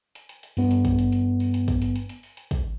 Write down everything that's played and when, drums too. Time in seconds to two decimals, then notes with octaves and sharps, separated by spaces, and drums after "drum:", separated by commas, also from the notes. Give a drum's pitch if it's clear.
0.15 drum: hi-hat
0.29 drum: hi-hat
0.43 drum: hi-hat
0.57 G2 B3, drum: open hi-hat
0.71 drum: hi-hat
0.85 drum: kick, hi-hat
0.99 drum: hi-hat
1.12 drum: hi-hat
1.40 drum: open hi-hat
1.54 drum: hi-hat
1.68 drum: kick, hi-hat
1.82 drum: hi-hat
1.96 drum: hi-hat
2.09 drum: hi-hat
2.23 drum: open hi-hat
2.37 drum: hi-hat
2.51 drum: kick, hi-hat